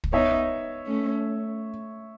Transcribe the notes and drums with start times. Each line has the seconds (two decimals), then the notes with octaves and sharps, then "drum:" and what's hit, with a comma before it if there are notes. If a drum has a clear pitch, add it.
0.04 drum: kick
0.13 B3 D#4 C#5 E5
0.87 A3 C#4